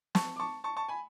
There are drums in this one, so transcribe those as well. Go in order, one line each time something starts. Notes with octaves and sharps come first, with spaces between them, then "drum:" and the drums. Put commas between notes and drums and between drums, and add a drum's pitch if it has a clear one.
A5 C#6, drum: snare
D6
A5 C#6
A5 C#6
A5 C#6
G#5 B5